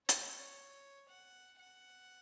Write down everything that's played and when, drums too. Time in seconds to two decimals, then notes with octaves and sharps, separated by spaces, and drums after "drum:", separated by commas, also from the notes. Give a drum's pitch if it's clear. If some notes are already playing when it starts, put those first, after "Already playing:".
0.09 C#5, drum: hi-hat
1.09 F#5
1.59 F#5